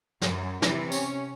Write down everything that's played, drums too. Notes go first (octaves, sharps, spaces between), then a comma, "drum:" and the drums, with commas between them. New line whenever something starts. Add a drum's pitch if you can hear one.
F#2, drum: snare
C3 E3, drum: snare
C#4, drum: tambourine